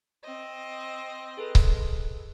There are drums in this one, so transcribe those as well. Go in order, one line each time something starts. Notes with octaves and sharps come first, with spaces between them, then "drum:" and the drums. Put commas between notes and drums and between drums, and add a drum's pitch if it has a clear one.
C4 D#5
G#4 A4 B4
drum: kick C#1